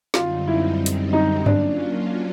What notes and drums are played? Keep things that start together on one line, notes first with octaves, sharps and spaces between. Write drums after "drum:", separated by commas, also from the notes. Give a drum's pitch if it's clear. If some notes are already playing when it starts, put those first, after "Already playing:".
F#2 D3 G3 C4 D#4 F4, drum: snare
E4
drum: hi-hat
D#4
F#3 A#3 C#4 D4 F4, drum: tom G2